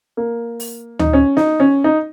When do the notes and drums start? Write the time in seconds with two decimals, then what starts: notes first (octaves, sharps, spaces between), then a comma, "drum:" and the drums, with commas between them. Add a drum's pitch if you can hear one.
0.17 A#3
0.60 drum: open hi-hat
0.99 D#4, drum: tom D2
1.13 C#4
1.37 D#4, drum: snare
1.60 C#4
1.84 D#4